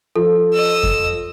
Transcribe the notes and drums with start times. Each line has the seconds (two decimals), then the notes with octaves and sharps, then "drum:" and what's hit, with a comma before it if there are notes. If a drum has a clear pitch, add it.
0.16 F3 A4
0.53 D#5 E6
0.83 drum: kick F2